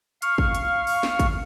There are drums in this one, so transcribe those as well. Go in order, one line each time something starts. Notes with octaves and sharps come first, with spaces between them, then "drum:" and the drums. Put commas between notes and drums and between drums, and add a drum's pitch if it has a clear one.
F5 C#6 F6, drum: hi-hat
drum: kick
drum: hi-hat
drum: open hi-hat
drum: snare
drum: kick, hi-hat